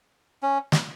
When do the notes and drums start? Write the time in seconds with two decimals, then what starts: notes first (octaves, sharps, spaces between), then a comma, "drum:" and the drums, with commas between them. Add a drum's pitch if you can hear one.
0.43 C#4
0.72 drum: snare